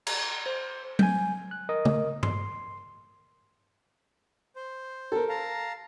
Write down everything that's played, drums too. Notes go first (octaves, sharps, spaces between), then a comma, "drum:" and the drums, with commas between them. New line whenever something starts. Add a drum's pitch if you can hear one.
A#5, drum: cymbal
C5
G#5 G6, drum: tom F#3
F#6
A#4 D#5 D#6
drum: tom
C6, drum: tom G2
C5
A4 A#4
F5 A5 A#5